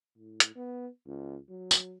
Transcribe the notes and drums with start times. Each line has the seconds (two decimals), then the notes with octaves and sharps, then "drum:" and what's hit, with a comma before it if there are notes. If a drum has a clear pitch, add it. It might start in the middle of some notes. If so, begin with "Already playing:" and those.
0.18 A2
0.40 drum: hi-hat
0.56 B3
1.06 C#2
1.50 F#3
1.71 drum: tambourine